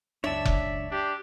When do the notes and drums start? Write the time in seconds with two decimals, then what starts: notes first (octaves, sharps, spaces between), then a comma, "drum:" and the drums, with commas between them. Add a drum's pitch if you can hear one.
0.24 C#2 F#2 D4 C#5 D5 E5 A5
0.45 drum: kick F1
0.91 D4 G4